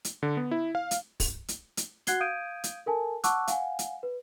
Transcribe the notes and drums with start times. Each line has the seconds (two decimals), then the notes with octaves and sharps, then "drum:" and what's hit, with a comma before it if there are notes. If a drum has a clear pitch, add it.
0.05 drum: hi-hat
0.23 D3
0.37 B3
0.51 E4
0.75 F5
0.91 drum: hi-hat
1.20 drum: kick, open hi-hat
1.48 drum: hi-hat
1.77 drum: hi-hat
2.07 F#4 F#5 F#6 G#6 C7 G7, drum: hi-hat
2.20 F5 D#6 G6 G#6 D7 D#7
2.64 drum: hi-hat
2.86 A4 A#4 G#5 A5
3.24 F#5 A5 C#6 D6 E6 F#6, drum: hi-hat
3.48 F5 F#5 G#5, drum: hi-hat
3.79 drum: hi-hat
4.03 B4